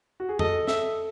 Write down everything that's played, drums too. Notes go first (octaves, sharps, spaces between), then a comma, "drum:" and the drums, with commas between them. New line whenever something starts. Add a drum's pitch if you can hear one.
F#4
G#4
A4 D#5, drum: tom
E5, drum: snare